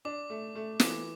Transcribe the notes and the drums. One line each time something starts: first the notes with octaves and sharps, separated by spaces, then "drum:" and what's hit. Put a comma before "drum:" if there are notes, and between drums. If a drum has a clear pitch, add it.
D4 D6
A3
A3
E3 D6, drum: snare